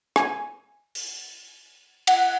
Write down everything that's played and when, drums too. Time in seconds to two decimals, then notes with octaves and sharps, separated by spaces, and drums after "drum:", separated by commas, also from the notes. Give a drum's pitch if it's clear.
0.16 G#5, drum: rim click
0.95 drum: open hi-hat
2.07 F#5, drum: cymbal